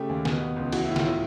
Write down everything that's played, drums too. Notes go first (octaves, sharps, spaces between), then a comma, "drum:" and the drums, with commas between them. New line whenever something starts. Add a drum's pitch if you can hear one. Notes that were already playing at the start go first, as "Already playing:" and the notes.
Already playing: C#3 A3 G4
D#2
B2, drum: snare
B3
C#2
E3 F#4, drum: cymbal
E4
A2
F4, drum: snare
A2